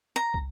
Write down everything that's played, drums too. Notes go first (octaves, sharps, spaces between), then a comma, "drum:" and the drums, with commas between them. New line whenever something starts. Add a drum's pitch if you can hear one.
A#5
drum: kick